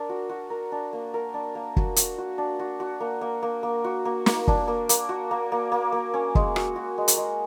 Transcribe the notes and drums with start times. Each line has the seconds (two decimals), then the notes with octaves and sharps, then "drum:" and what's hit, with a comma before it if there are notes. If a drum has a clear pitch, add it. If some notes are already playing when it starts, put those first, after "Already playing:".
Already playing: D4 A#4
0.09 F#4
0.29 F#4
0.50 A#4
0.72 D4
0.93 A#3
1.14 A#4
1.34 D4
1.55 A#3
1.76 F#4, drum: kick
1.96 F#4, drum: hi-hat
2.18 F#4
2.38 D4
2.59 F#4
2.80 F#4
3.00 A#3
3.21 A#3
3.43 A#3
3.63 A#3
3.84 F#4
4.05 A#3
4.26 A#3, drum: snare
4.48 D4, drum: kick
4.68 A#3
4.89 A#3, drum: hi-hat
5.09 F#4
5.31 A#3
5.52 A#3
5.72 A#3
5.92 A#3
6.14 C#4
6.35 G#3, drum: kick
6.56 F#4, drum: rim click
6.76 F#4
6.98 G#3
7.08 drum: hi-hat
7.17 G#3